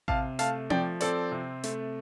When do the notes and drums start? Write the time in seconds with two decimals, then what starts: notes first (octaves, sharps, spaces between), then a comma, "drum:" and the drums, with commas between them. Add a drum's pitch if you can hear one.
0.08 C3 F5 A5, drum: kick A1
0.39 A3 F5 A5, drum: hi-hat
0.70 F3 D5 G5, drum: tom C4
1.01 C4 A4 D5, drum: hi-hat
1.32 C3
1.64 A3, drum: hi-hat